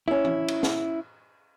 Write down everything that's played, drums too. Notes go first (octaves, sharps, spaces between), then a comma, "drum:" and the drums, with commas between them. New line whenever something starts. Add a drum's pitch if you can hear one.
C#4 E4
drum: tom E3
drum: cymbal
drum: snare